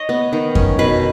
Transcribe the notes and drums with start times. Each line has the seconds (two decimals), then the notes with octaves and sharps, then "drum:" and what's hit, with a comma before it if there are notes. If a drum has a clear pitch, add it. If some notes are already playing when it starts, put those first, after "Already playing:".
Already playing: C#5 D#5
0.09 B3
0.33 D#3
0.55 C#4, drum: kick F2
0.79 B2 B4